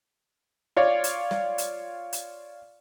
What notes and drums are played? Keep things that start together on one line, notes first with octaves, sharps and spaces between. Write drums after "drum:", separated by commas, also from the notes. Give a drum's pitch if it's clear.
F4 C#5 D5
drum: hi-hat
drum: snare
drum: hi-hat
drum: hi-hat